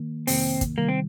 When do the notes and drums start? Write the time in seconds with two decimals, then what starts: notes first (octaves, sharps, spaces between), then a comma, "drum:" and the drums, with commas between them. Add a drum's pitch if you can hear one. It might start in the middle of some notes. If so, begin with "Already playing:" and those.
Already playing: D#3 A#3
0.27 F2 C3 D#3 A#3 C4, drum: open hi-hat
0.61 drum: kick, hi-hat
0.78 C3 D#3 G3 A#3
0.89 C4